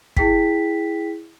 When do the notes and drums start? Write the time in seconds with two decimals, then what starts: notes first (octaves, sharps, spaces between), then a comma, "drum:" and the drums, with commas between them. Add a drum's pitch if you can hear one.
0.17 E4 G#4 G5 B6, drum: kick